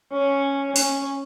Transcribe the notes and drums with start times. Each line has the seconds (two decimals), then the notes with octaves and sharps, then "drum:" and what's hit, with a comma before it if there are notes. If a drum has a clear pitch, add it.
0.13 C#4
0.76 C#4, drum: open hi-hat